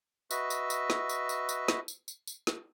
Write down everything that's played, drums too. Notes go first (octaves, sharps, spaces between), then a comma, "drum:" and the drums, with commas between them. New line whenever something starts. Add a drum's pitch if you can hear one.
F#4 B4 D#5 E5 E6, drum: tambourine
drum: tambourine
drum: tambourine
drum: snare
drum: tambourine
drum: tambourine
drum: tambourine
drum: snare
drum: tambourine
drum: tambourine
drum: tambourine
drum: snare